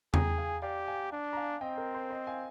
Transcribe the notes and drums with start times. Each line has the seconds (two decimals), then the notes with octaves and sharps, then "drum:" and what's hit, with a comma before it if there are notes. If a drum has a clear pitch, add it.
0.14 G#4 G5 A#5, drum: tom E2
0.38 F5 G#5
0.62 G4 D5 F5
0.87 F5 G#5
1.12 D4
1.33 A#5
1.37 F5 G#5
1.61 C4 D#5 G5
1.78 A#4
1.94 C5
2.10 C5 D#5
2.27 F5 G#5